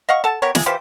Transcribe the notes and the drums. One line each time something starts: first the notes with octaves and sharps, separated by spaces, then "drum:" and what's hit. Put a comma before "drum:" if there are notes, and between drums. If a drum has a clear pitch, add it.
D#5 F5 F#5 C#6
A4 F#5 A5
B3 G4 A#4 C#5
C3 G#4, drum: snare
E3 F4 G4 C5